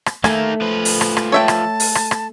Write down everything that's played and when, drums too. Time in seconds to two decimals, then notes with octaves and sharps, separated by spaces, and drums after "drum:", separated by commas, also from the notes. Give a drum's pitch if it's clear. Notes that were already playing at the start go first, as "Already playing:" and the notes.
0.06 drum: rim click
0.24 A3 A#3 D#4 G#5, drum: rim click
0.61 F3 B4
0.85 drum: open hi-hat
1.01 drum: rim click
1.17 drum: rim click
1.32 C#5 E5 G5 A5
1.48 drum: rim click
1.80 drum: open hi-hat
1.95 drum: rim click
2.11 drum: rim click